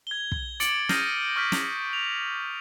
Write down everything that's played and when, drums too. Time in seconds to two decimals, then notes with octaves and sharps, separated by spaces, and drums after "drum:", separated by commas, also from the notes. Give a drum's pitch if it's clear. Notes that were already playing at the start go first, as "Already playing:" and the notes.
0.07 G#6 G7
0.32 drum: kick
0.60 D6 A6 C#7 D7 F#7, drum: hi-hat
0.89 D#6 F6 G6 A#6 C7 D#7, drum: snare
1.36 C#6 F6 G6 B6
1.52 drum: snare
1.93 F7